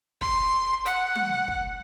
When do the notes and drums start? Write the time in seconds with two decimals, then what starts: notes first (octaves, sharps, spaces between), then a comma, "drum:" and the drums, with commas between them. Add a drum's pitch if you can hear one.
0.21 C6, drum: kick
0.86 F#5, drum: hi-hat
1.15 drum: tom
1.48 drum: kick